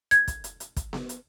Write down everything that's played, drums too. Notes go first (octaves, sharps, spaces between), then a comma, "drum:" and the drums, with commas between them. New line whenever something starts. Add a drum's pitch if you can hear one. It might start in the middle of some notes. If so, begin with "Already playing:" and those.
G#6, drum: hi-hat
drum: kick, hi-hat
drum: hi-hat
drum: hi-hat
drum: kick, hi-hat
drum: snare B3
drum: hi-hat